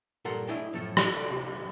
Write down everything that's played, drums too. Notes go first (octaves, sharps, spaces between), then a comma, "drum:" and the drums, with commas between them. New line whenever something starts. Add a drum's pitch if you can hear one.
G2 A#2 A4 A#4 F#5 C6
A3 D4 E4 G#4 D#5 G5
F#2 A2 F3 A4
drum: rim click
F#4 A4 D5 B5
C3